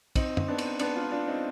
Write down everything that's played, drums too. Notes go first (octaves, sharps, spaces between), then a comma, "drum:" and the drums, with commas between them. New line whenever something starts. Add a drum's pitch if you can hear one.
C4 D#4, drum: kick, cymbal
drum: tom F#2
B3 D4
drum: cymbal
B3 D4, drum: cymbal
D4 F4
D4 F4
C4 D#4